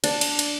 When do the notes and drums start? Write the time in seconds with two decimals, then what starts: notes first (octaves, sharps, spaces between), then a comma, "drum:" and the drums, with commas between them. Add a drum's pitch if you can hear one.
0.04 D4, drum: cymbal
0.21 drum: cymbal
0.39 drum: cymbal